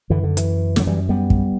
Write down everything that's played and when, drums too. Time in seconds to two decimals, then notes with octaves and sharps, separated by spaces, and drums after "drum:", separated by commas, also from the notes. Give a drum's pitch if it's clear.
0.10 F#2 D3 E3
0.23 D3
0.37 E3, drum: hi-hat
0.76 F#2 D3 F#3, drum: snare
0.87 E3 G3
1.09 G3 B3
1.30 drum: kick